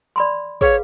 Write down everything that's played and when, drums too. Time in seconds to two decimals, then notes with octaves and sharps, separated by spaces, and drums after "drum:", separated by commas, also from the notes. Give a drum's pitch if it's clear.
0.16 D5 B5 C6
0.61 G#4 B4 C#5 F5, drum: kick